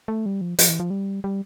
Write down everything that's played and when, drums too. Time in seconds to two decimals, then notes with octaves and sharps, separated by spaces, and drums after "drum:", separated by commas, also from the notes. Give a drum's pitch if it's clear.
0.08 A3
0.26 G3
0.41 F3
0.59 F3, drum: hi-hat
0.69 E3
0.80 F3
0.90 G3
1.24 G3